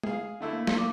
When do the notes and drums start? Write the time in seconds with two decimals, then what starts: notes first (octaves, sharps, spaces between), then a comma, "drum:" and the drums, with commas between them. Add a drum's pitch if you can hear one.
0.03 G#4 F5, drum: tom G#3
0.40 D3 A3 E4
0.53 A#3
0.67 drum: snare
0.78 D6